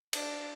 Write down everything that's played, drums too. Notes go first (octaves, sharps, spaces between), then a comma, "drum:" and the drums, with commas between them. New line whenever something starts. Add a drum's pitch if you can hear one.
D4, drum: cymbal